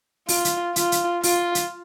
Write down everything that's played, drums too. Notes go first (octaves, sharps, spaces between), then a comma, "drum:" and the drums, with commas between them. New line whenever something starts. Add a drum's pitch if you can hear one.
F4, drum: open hi-hat
drum: hi-hat
F4, drum: hi-hat
drum: hi-hat
F4, drum: open hi-hat
drum: hi-hat